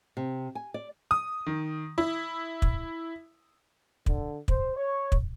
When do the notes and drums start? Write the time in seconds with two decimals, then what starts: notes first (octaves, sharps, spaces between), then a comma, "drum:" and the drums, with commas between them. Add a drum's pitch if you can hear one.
0.17 C3
0.55 G#5
0.74 D5
1.11 D#6
1.46 D#3
1.98 E4
2.62 drum: kick
4.06 D3, drum: kick
4.48 C5, drum: kick
4.76 C#5
5.12 drum: kick